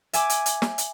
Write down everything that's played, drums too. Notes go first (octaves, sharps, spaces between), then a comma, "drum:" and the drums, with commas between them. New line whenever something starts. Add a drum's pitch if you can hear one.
E5 G#5 D6, drum: hi-hat
drum: hi-hat
drum: hi-hat
drum: snare
drum: hi-hat